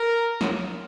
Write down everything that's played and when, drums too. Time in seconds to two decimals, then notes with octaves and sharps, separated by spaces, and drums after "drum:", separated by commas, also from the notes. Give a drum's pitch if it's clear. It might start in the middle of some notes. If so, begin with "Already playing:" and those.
Already playing: A#4
0.41 drum: snare